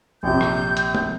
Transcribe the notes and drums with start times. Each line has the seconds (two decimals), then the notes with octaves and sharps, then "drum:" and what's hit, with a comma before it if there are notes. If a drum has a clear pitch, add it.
0.23 A#1 C3 G6
0.41 drum: rim click
0.77 drum: hi-hat
0.95 drum: tom